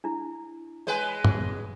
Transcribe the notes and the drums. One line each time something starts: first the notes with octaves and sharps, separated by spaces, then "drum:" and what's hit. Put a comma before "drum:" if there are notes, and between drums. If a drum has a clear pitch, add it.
D4 E4
G#3 B4 C#5 G#5
drum: tom